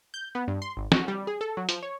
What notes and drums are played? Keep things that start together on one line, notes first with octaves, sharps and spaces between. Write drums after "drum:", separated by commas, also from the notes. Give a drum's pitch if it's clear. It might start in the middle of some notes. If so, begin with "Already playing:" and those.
G6
B3
G2
C6
G#1
F#4, drum: snare
G3
G#4
A4
F#3
F3, drum: hi-hat
C#5